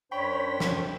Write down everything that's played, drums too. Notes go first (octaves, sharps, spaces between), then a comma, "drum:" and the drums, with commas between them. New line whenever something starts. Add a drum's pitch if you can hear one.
F#2 D4 C5 C#5 G5 B5
drum: snare